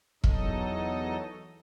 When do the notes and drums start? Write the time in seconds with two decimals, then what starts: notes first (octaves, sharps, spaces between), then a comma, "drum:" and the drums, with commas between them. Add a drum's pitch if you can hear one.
0.24 E2 F#3 D#4 A4 D#5, drum: kick